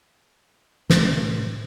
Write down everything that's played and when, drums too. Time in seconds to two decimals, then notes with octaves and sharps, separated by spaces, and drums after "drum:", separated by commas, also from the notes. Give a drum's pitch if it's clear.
0.90 A2 C3 A3, drum: snare